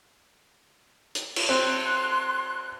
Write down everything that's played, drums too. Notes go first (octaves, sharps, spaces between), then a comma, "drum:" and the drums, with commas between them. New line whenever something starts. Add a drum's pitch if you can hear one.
drum: hi-hat
drum: cymbal
C4 C6 F#6